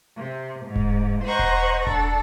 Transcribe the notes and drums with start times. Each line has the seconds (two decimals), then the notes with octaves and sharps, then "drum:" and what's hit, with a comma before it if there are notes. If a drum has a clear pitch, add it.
0.18 C3
0.66 G#2
0.76 drum: kick E1
1.24 C5 D#5 F#5 A#5 C#6
1.39 drum: kick E1
1.87 D4 A4, drum: kick E1